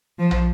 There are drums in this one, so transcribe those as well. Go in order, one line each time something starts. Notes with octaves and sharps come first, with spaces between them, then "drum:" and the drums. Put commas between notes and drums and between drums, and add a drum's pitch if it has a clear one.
F3
drum: tom